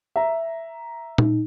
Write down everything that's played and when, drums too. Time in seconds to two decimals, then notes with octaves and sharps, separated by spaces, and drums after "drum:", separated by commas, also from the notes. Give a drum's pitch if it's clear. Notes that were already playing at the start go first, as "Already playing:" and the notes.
0.16 E5 A#5
1.18 D#4, drum: tom A#2